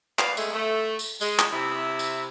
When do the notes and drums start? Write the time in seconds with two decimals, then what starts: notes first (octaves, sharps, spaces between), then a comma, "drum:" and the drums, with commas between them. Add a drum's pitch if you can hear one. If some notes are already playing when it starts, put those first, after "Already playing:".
0.19 B4 D5 F5, drum: clap
0.37 G#3 A3, drum: tambourine
0.53 A3
0.99 drum: tambourine
1.21 G#3, drum: tambourine
1.39 drum: clap
1.52 C3 E4
1.99 drum: tambourine